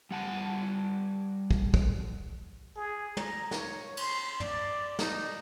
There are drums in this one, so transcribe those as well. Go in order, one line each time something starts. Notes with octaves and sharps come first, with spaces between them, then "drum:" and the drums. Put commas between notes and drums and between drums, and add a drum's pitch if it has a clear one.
G3 F#5 A5
drum: kick
drum: kick
G#4
A#5, drum: tom
C#5, drum: snare
C6, drum: cymbal
D5, drum: tom
D#4, drum: snare